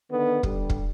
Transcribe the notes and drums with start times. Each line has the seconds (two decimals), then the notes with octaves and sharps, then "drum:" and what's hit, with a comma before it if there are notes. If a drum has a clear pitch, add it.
0.10 D3 D#3 B3
0.43 D3 G3, drum: kick
0.70 drum: kick